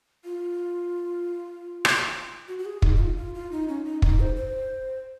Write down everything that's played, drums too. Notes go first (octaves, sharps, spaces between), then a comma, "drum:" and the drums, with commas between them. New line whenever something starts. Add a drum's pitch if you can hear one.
F4
drum: rim click
F#4
F#4
G#4
D#4, drum: kick
D#4
F4
F4
F4
D#4
C#4
D#4
D#4, drum: kick
C5
C5